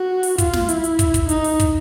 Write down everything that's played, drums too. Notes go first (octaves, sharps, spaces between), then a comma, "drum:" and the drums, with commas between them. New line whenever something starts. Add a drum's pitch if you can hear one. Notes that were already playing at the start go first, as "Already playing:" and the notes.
Already playing: F#4
drum: open hi-hat
F4, drum: kick, hi-hat
drum: snare
E4, drum: hi-hat
drum: hi-hat
drum: kick, hi-hat
drum: kick, hi-hat
D#4, drum: hi-hat
drum: open hi-hat
drum: kick, hi-hat